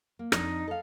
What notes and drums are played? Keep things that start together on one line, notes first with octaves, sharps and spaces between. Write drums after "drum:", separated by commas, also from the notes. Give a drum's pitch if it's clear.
A#3
F2 D4 D#4, drum: rim click
A4 F5